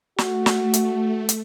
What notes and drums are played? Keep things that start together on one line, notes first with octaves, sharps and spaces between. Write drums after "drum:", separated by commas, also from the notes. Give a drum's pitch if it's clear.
A3 F#4, drum: snare
drum: snare
drum: hi-hat
drum: hi-hat